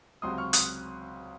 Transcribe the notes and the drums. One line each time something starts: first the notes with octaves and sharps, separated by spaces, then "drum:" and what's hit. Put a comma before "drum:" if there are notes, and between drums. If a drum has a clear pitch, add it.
C#2 C3 F#3 C4 C6 D#6
C#6 F6
D#6 F#6, drum: hi-hat